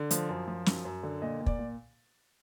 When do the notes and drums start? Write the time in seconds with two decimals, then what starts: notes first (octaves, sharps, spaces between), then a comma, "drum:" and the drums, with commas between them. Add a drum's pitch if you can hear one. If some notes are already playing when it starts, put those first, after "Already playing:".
Already playing: D3
0.11 F3, drum: hi-hat
0.29 F#2
0.48 F3
0.66 F#2, drum: snare
0.85 F#2
1.03 D3
1.22 A#2 D#5
1.40 A#2
1.46 D5, drum: kick
1.59 A#2